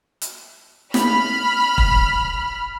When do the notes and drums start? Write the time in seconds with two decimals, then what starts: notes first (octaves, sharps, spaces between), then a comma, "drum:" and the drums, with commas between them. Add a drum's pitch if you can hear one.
0.22 drum: hi-hat
0.94 B5 F6, drum: snare
1.78 drum: kick